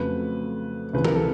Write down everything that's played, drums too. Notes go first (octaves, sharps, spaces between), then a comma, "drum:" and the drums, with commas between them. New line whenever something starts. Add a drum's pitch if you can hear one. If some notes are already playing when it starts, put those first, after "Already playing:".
Already playing: F2 C#3 F#3 A3 B4
C#2 C3 E3 B4
A#4, drum: tom D#3
A4